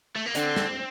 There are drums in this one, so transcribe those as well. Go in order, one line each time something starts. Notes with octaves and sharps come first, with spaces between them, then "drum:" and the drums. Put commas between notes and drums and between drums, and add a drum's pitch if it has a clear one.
A3
A#3
D3 C4, drum: hi-hat
drum: snare